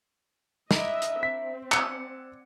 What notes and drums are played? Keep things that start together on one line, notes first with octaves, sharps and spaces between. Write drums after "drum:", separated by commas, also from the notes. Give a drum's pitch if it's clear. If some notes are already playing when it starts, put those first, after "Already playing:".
D4 E4 A#4 D#5 E5, drum: snare
drum: hi-hat
C4 B6
D5 F#5 G#5 E6 C#7, drum: clap